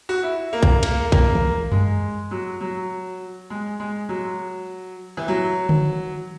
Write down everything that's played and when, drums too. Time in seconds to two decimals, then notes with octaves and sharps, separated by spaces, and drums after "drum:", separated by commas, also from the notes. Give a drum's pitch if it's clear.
0.09 F#4
0.23 E4
0.53 A#3
0.63 drum: kick A#1
0.83 A#3, drum: cymbal
1.12 A#3, drum: kick A#1
1.35 drum: tom
1.72 G#3, drum: tom F#2
2.31 F#3
2.61 F#3
3.50 G#3
3.80 G#3
4.09 F#3
5.17 E3
5.28 F#3
5.69 drum: tom D3